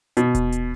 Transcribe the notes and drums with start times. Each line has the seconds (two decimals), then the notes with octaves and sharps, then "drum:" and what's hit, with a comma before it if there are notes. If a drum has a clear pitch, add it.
0.17 B2, drum: hi-hat
0.35 drum: kick D#1, hi-hat
0.52 drum: hi-hat